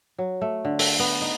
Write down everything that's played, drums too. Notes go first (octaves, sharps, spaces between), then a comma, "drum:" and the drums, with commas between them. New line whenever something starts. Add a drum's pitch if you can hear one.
F#3
A3
D3
A4, drum: open hi-hat
B3
D#4